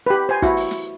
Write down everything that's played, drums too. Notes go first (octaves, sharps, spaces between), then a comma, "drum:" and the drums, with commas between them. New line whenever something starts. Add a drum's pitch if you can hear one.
G4 B4
C5 G#5
E4 F#4, drum: kick, hi-hat
drum: open hi-hat
drum: snare